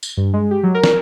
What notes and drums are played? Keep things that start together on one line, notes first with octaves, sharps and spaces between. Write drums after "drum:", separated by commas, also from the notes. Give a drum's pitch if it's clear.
drum: tambourine
G2
G#3
G4
F#3
A#4
drum: snare